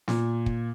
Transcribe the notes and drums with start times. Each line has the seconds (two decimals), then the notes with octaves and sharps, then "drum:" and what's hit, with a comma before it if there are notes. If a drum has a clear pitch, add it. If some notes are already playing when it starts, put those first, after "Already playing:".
0.08 A#2, drum: snare
0.46 drum: kick